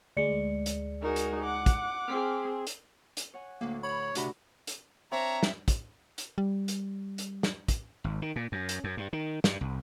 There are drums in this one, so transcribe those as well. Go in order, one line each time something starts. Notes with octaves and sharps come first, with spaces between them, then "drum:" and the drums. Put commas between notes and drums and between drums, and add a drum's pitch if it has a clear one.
D2 G#3 D5 C#7
drum: hi-hat
D#4 F#4 G#4 A#4
drum: hi-hat
F#5 D6
drum: kick, hi-hat
C4 G#4 F6 B6 C7
drum: hi-hat
drum: hi-hat
C#5 F#5 G#5
D2 A2 A#3
C#5 B5
A2 C3 D4 F#4 B5, drum: hi-hat
drum: hi-hat
C4 D4 C#5 E5 A#5
drum: snare
drum: kick, hi-hat
drum: hi-hat
G3
drum: hi-hat
drum: hi-hat
drum: snare
drum: kick, hi-hat
G#1
D#3
A#2
F#2
drum: hi-hat
F#2
G2
D#3
G2, drum: snare
C2